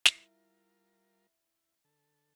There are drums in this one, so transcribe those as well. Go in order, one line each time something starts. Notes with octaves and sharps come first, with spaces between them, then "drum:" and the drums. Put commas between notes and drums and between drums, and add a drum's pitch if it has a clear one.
G3 E4 F4 A#4, drum: snare
D3 A4